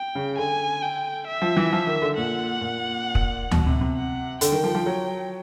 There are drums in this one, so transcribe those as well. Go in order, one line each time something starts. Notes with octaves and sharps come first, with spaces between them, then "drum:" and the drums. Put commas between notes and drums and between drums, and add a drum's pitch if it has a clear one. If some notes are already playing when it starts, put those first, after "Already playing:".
Already playing: G5
C#3
D3 G#5
G5
E5
F3
E3
F3
D#3
D3
A#2 F#5
A#2
drum: kick
B2, drum: tom D2
C3
C3
F#5
D3 G5, drum: hi-hat
D#3
F3
F3
F#3